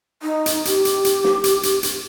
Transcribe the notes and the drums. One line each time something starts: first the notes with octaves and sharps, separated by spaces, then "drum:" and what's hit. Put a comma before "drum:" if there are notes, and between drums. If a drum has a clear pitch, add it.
D#4
drum: hi-hat
G4, drum: hi-hat
drum: hi-hat
drum: hi-hat
drum: snare
drum: hi-hat
drum: hi-hat
drum: hi-hat